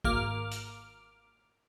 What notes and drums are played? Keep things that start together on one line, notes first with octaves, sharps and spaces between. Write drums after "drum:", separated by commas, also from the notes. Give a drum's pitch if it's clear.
G#1 A#3 A#4 D6 F6, drum: kick
drum: hi-hat